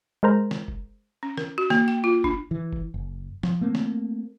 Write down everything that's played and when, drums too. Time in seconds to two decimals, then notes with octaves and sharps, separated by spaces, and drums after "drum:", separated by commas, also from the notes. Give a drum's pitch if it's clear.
0.23 G#3 A#4 C5 A#5
0.51 drum: snare
0.68 drum: kick F#1
1.23 C#4
1.37 A#4, drum: snare
1.58 F#4
1.70 A#3, drum: snare
1.88 G5
2.04 F4
2.24 D4, drum: kick F#1
2.51 E3
2.73 drum: kick F#1
2.94 F#1
3.43 F3, drum: snare
3.61 A3 A#3 C4
3.75 drum: snare